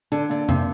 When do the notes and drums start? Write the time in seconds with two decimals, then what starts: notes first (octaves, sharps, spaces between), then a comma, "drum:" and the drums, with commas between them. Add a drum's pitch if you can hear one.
0.12 D3 D4
0.30 D3 A#3
0.49 C3 A#3, drum: tom F2